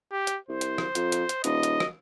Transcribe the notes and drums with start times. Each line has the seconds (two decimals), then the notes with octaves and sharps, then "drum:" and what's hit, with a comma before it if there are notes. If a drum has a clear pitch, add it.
0.12 G4
0.27 drum: hi-hat
0.49 C2 C5
0.61 drum: hi-hat
0.78 drum: rim click
0.95 F2, drum: hi-hat
1.12 drum: hi-hat
1.29 drum: hi-hat
1.44 D#1 D#5, drum: hi-hat
1.63 drum: hi-hat
1.80 drum: rim click